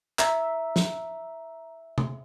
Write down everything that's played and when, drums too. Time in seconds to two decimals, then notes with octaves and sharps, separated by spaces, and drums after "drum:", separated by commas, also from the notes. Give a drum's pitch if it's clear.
0.19 E5 A#5, drum: clap
0.76 drum: snare
1.98 drum: tom C3